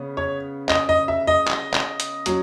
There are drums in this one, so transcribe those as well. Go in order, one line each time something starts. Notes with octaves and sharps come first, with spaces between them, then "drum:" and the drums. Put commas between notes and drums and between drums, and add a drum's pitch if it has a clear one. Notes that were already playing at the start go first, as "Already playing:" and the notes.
Already playing: C#3 B3
C#5
D#5, drum: clap
D#5
E5
D#5
drum: clap
drum: clap
drum: hi-hat
F#3 C#4, drum: hi-hat